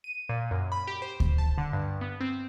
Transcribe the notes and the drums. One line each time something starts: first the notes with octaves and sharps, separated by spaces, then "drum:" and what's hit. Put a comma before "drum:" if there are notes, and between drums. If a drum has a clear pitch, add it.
D#7
A#2
F#2
B5
G4
C5
drum: kick D2
A5
D3
G2
B3
C4